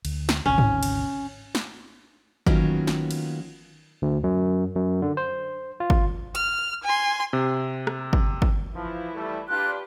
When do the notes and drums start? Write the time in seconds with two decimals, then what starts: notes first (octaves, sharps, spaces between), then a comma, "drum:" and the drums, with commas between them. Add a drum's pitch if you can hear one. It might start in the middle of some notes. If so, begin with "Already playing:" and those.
0.05 D2, drum: cymbal
0.29 drum: snare
0.46 G#1 D2 C3 C#4
0.58 drum: tom G#2
0.83 drum: cymbal
1.55 drum: snare
2.47 D#3 F#3 A#3 B3 C#4 F4, drum: kick
2.87 drum: snare
3.11 drum: cymbal
4.02 D2
4.24 F#2
4.75 F#2
5.02 D3
5.17 C5
5.80 F4
5.90 drum: kick
6.35 F6, drum: hi-hat
6.84 G#5 C6
7.33 C3
7.87 drum: rim click
8.13 drum: kick
8.42 drum: kick
8.74 E3 F3 E4
9.14 G3 A3
9.49 D4 F4 G4 B4 F#6